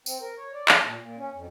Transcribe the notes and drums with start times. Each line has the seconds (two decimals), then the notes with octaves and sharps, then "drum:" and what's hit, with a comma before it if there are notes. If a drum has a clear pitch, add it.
0.06 C4, drum: tambourine
0.21 A#4
0.37 C#5
0.54 D5
0.68 A5, drum: clap
0.84 A#2
1.00 A#2
1.17 C#4
1.33 F2